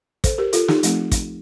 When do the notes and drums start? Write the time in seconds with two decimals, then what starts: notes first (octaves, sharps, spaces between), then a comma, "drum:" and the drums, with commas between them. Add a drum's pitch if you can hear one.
0.24 A4 C5, drum: kick, hi-hat
0.38 G4 A#4
0.53 F4 A4, drum: hi-hat
0.68 D#4 G4, drum: snare
0.83 F3 A3 C4, drum: hi-hat
1.12 drum: kick, hi-hat